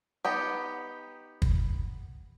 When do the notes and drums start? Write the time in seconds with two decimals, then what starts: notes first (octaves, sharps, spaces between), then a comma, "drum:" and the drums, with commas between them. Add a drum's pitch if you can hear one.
0.25 B3 D#4 G4
1.42 drum: kick